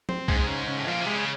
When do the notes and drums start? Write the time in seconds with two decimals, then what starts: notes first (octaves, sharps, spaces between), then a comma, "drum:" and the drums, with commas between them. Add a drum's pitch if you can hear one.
0.09 C4, drum: tom
0.28 G#2 G#3, drum: kick
0.48 C#3
0.67 C#3
0.78 A2
0.87 A#2 F3
1.01 C3
1.07 G#3
1.16 C#3